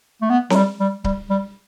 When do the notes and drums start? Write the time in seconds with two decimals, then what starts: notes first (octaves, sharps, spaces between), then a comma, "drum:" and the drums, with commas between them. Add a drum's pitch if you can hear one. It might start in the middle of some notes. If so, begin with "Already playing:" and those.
0.22 A3
0.30 B3
0.50 F#3, drum: snare C4
0.55 G3
0.80 G3
1.04 G3, drum: kick C#1
1.30 G3